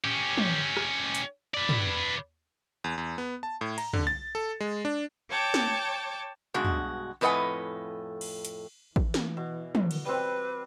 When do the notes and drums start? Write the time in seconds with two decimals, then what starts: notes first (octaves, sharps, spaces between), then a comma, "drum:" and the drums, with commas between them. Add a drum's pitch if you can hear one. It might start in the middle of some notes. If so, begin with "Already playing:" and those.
0.04 C#4 G4
0.38 drum: tom
0.77 drum: rim click
1.15 drum: hi-hat
1.54 B4 D5
1.69 drum: tom
2.84 E2
2.98 E2
3.18 B3
3.43 A5
3.61 A2
3.78 A#5, drum: cymbal
3.93 D3, drum: tom
4.07 A6
4.35 A4
4.60 G#3
4.85 D4
5.29 C#5 G5 A5 D6
5.54 drum: snare
6.54 G2 B2 G#3 F#4
6.65 drum: tom
7.21 F2 A2 B4 D#5 F#5 G#5
8.21 drum: cymbal
8.45 drum: hi-hat
8.96 E3, drum: kick A1
9.14 drum: snare
9.37 B2
9.75 drum: tom
9.91 drum: cymbal
10.05 G3 C4 B4